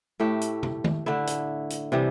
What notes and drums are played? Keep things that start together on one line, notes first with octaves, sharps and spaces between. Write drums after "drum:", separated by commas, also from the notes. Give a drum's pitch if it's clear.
A2 A3 E4 G4
drum: hi-hat
drum: tom
drum: tom
D3 A3 E4
drum: hi-hat
drum: hi-hat
C3 E3 G3